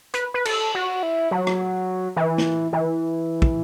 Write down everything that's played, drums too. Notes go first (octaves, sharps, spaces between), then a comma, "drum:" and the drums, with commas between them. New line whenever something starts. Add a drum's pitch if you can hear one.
B4, drum: hi-hat
B4
A4, drum: cymbal
F#4
E4
F#3
drum: rim click
E3
drum: snare
E3
drum: kick